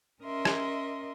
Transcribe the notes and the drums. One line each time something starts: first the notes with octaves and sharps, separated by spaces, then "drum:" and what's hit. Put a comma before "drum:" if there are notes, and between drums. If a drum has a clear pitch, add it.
C#4 A#4 D#5 E5 C6
drum: rim click